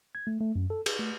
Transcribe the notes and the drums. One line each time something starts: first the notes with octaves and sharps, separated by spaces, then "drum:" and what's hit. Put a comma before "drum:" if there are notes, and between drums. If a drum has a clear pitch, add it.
G#6
A3
A3
F#2
A4
G#4, drum: cymbal
A3